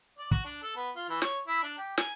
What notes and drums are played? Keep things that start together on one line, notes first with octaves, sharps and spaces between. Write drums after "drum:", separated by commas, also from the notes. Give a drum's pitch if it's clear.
D5
F#4, drum: kick
D4
A4
B3
F4
E3
C#5, drum: snare
E4
D4
G4
G#5, drum: snare